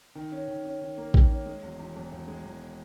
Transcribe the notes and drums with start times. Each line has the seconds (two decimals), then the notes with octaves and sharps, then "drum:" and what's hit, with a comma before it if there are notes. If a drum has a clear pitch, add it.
0.15 D#3
0.32 C#4
0.48 D#3
0.65 C#4
0.81 D#3
0.97 A#3
1.14 D#3, drum: kick A1
1.30 C#4
1.46 G#3
1.63 E1
1.79 E1
1.96 E1
2.12 E1
2.28 G#3
2.44 E1